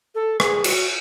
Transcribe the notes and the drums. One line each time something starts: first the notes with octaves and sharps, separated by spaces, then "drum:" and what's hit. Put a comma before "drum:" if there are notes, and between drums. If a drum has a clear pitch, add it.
A4
G#4, drum: rim click
F#4, drum: cymbal